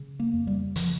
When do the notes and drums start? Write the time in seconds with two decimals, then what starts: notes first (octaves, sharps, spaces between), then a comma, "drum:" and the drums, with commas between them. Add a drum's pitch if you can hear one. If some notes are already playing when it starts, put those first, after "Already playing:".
Already playing: C#3
0.20 A#3
0.34 F2
0.47 G3
0.76 C#3 F3, drum: hi-hat